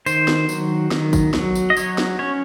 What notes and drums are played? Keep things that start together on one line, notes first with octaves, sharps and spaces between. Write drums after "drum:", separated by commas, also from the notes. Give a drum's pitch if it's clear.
D#3 C5, drum: tambourine
drum: snare
F#3, drum: tambourine
D#3, drum: snare
drum: kick, tambourine
F#3, drum: snare
drum: tambourine
D#5
F#3 C#5, drum: tambourine
drum: snare
C#4 C#5